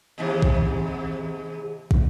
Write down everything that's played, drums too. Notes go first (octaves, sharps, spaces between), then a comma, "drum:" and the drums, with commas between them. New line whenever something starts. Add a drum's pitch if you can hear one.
D#2 G#2 C3
drum: kick
drum: kick